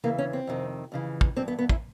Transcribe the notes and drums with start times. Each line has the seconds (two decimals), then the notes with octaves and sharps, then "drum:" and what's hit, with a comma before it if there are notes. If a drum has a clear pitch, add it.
0.04 E2 C#3 E3 A#3
0.18 C#4
0.33 C4
0.47 F2 C3 D#3
0.92 F2 C#3 E3
1.21 drum: kick
1.36 G2 E3 C4
1.48 B3
1.59 B3
1.69 E4, drum: kick